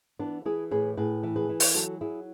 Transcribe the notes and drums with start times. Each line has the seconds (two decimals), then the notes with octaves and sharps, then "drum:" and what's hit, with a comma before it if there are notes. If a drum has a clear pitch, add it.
0.19 E3 B3 D4
0.45 E3 E4 G#4
0.71 A2 G#4 B4
0.97 A2 G#4 B4
1.23 E3
1.36 G#4 B4
1.49 E3
1.60 drum: open hi-hat
1.75 F#3 F#4 A4
2.01 F#3 E4 G#4